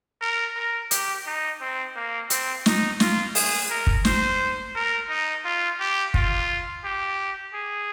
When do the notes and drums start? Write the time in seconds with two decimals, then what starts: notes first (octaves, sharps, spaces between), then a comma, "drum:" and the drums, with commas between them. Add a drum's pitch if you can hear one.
0.21 A#4
0.56 A#4
0.91 G4, drum: hi-hat
1.26 D#4
1.61 C4
1.96 A#3
2.30 C4, drum: hi-hat
2.66 D#4, drum: snare
3.00 F4, drum: snare
3.35 G#4, drum: open hi-hat
3.70 A#4
3.87 drum: kick
4.05 C5, drum: snare
4.75 A#4
5.09 D#4
5.45 F4
5.80 G4
6.14 F4, drum: kick
6.84 G4
7.54 G#4